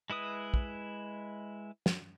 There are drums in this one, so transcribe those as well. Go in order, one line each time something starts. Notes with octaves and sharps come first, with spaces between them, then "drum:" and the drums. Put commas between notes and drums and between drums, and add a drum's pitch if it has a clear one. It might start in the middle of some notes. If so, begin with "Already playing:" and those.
G#3 E4 B4 D#6
drum: kick
drum: snare